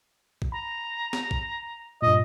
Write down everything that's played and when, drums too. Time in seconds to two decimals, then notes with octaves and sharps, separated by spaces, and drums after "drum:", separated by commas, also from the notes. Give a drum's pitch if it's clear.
0.42 drum: kick A#1
0.52 A#5 B5
1.13 drum: snare
1.31 drum: kick A#1
2.02 G2 A#2 D#5